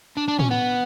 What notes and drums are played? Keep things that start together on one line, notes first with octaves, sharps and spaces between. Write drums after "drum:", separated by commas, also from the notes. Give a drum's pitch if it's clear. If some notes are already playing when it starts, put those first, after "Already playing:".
D4
D4
C#4, drum: tom
B3